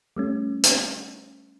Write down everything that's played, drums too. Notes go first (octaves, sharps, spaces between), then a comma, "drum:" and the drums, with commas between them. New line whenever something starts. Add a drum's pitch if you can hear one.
G3 A3 C#4
drum: hi-hat